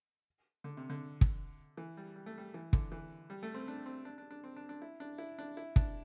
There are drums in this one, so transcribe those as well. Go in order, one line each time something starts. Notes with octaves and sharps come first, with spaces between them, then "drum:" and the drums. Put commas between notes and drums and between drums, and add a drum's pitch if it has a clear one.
D3
C3
D3
drum: kick
E3
G3
G3
A3
G3
E3
D3, drum: kick
E3
G3
A3
C4
D4
C4
D4
D4
D4
C4
D4
D4
E4
D4
E4
D4
E4
D4, drum: kick